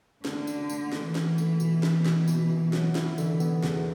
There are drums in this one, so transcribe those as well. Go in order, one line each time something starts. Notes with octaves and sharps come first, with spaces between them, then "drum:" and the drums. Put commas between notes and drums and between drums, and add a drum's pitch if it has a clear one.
D3 A3, drum: snare
F#4, drum: tambourine
A3, drum: tambourine
E3 A3, drum: snare
F#4, drum: snare
A3, drum: tambourine
B2, drum: tambourine
B2, drum: snare
B2, drum: snare
B2, drum: tambourine
B2
F#3, drum: snare
E3 E4, drum: snare
D3, drum: tambourine
B3, drum: tambourine
E2, drum: snare